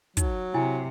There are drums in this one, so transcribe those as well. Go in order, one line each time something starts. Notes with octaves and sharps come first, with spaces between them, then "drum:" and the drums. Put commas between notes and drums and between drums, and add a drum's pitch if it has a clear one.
F#3 D#4, drum: kick, hi-hat
C3 E4 G#5